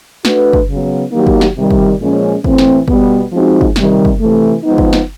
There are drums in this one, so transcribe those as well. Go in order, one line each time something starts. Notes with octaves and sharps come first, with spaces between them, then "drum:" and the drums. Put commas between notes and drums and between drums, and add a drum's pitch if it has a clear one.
A3 D4 F#4 B4, drum: snare
drum: kick
C#3 F#3 B3
D#3 F#3 A#3 D#4 G4
drum: kick
drum: snare
C3 D#3 G3
drum: kick
A#2 F3 G#3 C#4
A2 E3 A3 C4, drum: kick
drum: snare
B2 G3 B3, drum: kick
F3 G#3 C4 D#4 F#4
drum: kick
C3 D#3 G3, drum: snare
drum: kick
C3 E3 A3
F3 G#3 B3 D#4
drum: kick
drum: snare